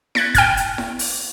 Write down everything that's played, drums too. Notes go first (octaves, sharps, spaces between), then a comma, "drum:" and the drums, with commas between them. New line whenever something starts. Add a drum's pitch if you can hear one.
F#6 G#6 A6 B6 C#7, drum: snare E4
G5 F6 G#6, drum: kick, hi-hat
drum: hi-hat
drum: snare E4
drum: open hi-hat